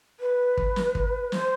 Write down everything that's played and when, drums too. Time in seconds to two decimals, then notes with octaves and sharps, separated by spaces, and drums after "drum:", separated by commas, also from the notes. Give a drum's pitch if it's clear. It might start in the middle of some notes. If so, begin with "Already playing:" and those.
0.20 B4
0.57 drum: kick
0.76 drum: snare
0.95 drum: kick
1.32 C5, drum: snare